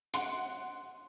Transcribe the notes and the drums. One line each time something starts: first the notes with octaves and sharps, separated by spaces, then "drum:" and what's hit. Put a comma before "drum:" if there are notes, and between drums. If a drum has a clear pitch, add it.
F#5 C6 D7, drum: hi-hat